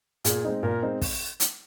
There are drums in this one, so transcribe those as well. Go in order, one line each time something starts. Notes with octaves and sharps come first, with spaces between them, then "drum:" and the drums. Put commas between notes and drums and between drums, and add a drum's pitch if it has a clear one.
A#2 G#4, drum: hi-hat
G#3 C4 D#4
A#2 A#4
G#3 C4 D#4
drum: kick, open hi-hat
drum: hi-hat